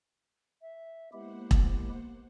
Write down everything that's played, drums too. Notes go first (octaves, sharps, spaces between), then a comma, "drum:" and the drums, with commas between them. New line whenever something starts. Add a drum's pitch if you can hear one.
E5
G#3 A#3 B3 E4 G4 C5 F#5
drum: kick E1